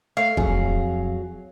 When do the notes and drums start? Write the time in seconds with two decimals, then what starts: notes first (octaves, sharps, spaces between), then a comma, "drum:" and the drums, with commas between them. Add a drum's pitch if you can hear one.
0.17 A3 F5
0.37 F2 F#3 G#4, drum: kick